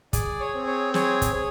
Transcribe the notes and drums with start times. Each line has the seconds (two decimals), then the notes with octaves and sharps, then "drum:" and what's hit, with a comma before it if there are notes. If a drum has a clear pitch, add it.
0.13 G#4 D5, drum: kick, hi-hat
0.40 C#5
0.55 C4
0.67 C#5
0.94 G#4 C#5, drum: snare
1.22 drum: kick, hi-hat
1.35 G#4